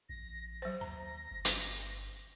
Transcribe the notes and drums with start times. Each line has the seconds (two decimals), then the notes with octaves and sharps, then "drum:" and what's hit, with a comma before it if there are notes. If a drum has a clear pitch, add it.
0.09 A#1 A#6
0.62 F#3 C5 A#6
0.81 D#2 A#5
1.31 G1
1.45 drum: hi-hat